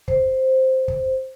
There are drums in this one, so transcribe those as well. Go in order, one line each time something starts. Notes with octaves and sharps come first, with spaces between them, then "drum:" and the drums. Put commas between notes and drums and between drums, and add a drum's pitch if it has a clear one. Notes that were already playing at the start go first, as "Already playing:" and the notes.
C5, drum: kick
drum: kick